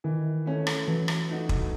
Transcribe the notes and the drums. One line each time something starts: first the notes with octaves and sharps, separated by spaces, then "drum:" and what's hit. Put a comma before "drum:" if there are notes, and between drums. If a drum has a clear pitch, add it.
D#3 E3
A3 C#4
drum: rim click
E3 F#3
drum: rim click
A3 D#4 F#4
drum: kick